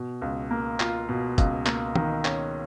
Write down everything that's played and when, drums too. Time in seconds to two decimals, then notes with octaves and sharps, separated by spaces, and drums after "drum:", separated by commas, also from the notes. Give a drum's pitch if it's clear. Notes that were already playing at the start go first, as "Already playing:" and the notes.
Already playing: B2
0.22 C#2
0.51 A#3
0.80 F4, drum: clap
1.09 B2
1.38 C#2, drum: kick, hi-hat
1.66 A#3, drum: clap
1.95 D#3, drum: tom
2.25 C#4, drum: clap